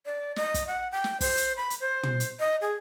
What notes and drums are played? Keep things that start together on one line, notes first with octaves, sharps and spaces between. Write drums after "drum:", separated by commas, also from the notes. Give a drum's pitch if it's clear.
D5
D#5, drum: snare
drum: kick, hi-hat
F#5
G5
drum: snare
C5, drum: kick, open hi-hat
drum: hi-hat
B5
drum: hi-hat
C5
drum: tom
drum: hi-hat
D#5
G#4